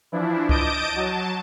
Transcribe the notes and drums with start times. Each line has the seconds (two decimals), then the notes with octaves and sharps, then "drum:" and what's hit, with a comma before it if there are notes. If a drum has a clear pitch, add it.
0.12 E3 F3 D4 E4
0.49 D#5 A5 D6 D#6 G6 D7, drum: kick C2
0.96 F#3 A5